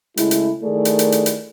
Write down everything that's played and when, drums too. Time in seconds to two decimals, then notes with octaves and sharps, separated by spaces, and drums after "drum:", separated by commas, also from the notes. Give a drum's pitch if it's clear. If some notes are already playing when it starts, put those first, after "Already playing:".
0.17 C#3 G#3 A3 E4, drum: hi-hat
0.31 drum: hi-hat
0.63 D#3 A3 E4 G#4 A#4 D5
0.85 drum: hi-hat
0.99 drum: hi-hat
1.12 drum: hi-hat
1.26 drum: hi-hat